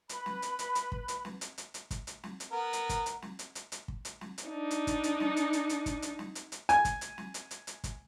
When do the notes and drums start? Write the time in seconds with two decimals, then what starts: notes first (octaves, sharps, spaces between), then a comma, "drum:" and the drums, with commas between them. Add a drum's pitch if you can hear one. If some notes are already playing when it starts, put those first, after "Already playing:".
0.09 B4 B5, drum: hi-hat
0.26 drum: snare
0.42 drum: hi-hat
0.59 drum: hi-hat
0.75 drum: hi-hat
0.92 drum: kick
1.08 drum: hi-hat
1.25 drum: snare
1.41 drum: hi-hat
1.58 drum: hi-hat
1.74 drum: hi-hat
1.91 drum: kick, hi-hat
2.07 drum: hi-hat
2.24 drum: snare
2.40 drum: hi-hat
2.51 B3 A#4
2.73 drum: hi-hat
2.89 drum: kick, hi-hat
3.06 drum: hi-hat
3.22 drum: snare
3.39 drum: hi-hat
3.55 drum: hi-hat
3.72 drum: hi-hat
3.88 drum: kick
4.05 drum: hi-hat
4.21 drum: snare
4.38 drum: hi-hat
4.49 D4 D#4
4.71 drum: hi-hat
4.87 drum: kick, hi-hat
5.04 drum: hi-hat
5.20 drum: snare
5.37 drum: hi-hat
5.53 drum: hi-hat
5.69 drum: hi-hat
5.86 drum: kick, hi-hat
6.02 drum: hi-hat
6.19 drum: snare
6.35 drum: hi-hat
6.52 drum: hi-hat
6.69 G#5, drum: hi-hat
6.85 drum: kick, hi-hat
7.01 drum: hi-hat
7.18 drum: snare
7.34 drum: hi-hat
7.51 drum: hi-hat
7.67 drum: hi-hat
7.84 drum: kick, hi-hat